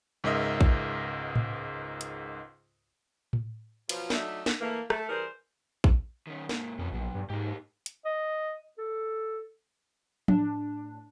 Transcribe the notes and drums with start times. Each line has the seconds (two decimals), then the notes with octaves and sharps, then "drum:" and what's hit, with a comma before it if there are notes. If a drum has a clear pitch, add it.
0.24 C#2 G#2 A#4 D#5 E5
0.61 drum: kick A#1
1.35 drum: tom A2
2.01 drum: hi-hat
3.33 drum: tom A2
3.89 B2 F3 F#3 F4, drum: cymbal
4.10 F#3 A3 D4 D#4 E5, drum: snare
4.46 drum: snare
4.60 E3 A3 A#3
4.90 A3, drum: rim click
5.09 E3 G3 G#4 A#4 C5
5.84 drum: kick A#1
6.27 D#3 C#4
6.49 G#2 A#3, drum: snare
6.79 F2 B2 C#4 A4
6.92 A#1 B2 F#3
7.15 G2
7.30 G#2 D#4 G4
7.86 drum: hi-hat
8.05 D#5
8.78 A4
10.28 A2 D4, drum: tom